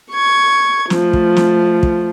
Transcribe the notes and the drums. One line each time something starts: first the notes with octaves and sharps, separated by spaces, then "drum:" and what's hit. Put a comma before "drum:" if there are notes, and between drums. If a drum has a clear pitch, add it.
C#6 G#6
F3 A3, drum: snare
drum: kick
drum: snare
drum: kick